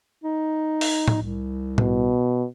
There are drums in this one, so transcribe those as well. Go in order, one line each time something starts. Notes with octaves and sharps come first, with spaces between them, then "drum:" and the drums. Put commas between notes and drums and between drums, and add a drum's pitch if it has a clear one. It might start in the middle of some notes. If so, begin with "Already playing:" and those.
D#4
drum: open hi-hat
drum: tom A2
C2
B2, drum: tom A2